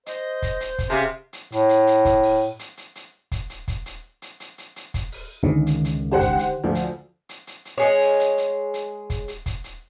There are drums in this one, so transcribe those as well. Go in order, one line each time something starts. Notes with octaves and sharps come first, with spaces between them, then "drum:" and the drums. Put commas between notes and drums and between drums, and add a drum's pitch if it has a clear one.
C5 D#5, drum: hi-hat
drum: kick, hi-hat
drum: hi-hat
drum: kick, hi-hat
C3 C#4 G#4 E5 F5
drum: hi-hat
A2, drum: hi-hat
drum: hi-hat
drum: hi-hat
drum: kick, hi-hat
drum: open hi-hat
drum: hi-hat
drum: hi-hat
drum: hi-hat
drum: kick, hi-hat
drum: hi-hat
drum: kick, hi-hat
drum: hi-hat
drum: hi-hat
drum: hi-hat
drum: hi-hat
drum: hi-hat
drum: kick, hi-hat
drum: open hi-hat
C#2 D3 D#3
drum: hi-hat
drum: hi-hat
G4 C5 F#5
drum: kick, hi-hat
drum: hi-hat
D2 F3
drum: hi-hat
drum: hi-hat
drum: hi-hat
drum: hi-hat
G#3 G#4 C#5
drum: open hi-hat
drum: hi-hat
drum: hi-hat
drum: hi-hat
drum: kick, hi-hat
drum: hi-hat
drum: kick, hi-hat
drum: hi-hat